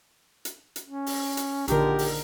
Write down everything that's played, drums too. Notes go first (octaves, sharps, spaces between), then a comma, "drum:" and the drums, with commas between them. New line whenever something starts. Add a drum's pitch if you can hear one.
drum: hi-hat
drum: hi-hat
C#4
drum: open hi-hat
drum: hi-hat
A#1 D3 D#3 G4 A#4, drum: hi-hat
drum: open hi-hat